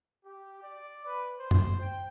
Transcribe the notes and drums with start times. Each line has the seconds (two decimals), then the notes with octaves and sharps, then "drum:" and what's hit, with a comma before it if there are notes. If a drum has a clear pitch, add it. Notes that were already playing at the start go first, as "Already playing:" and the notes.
0.25 G4
0.63 D5
1.05 B4
1.39 C5
1.51 drum: tom F#2
1.80 G5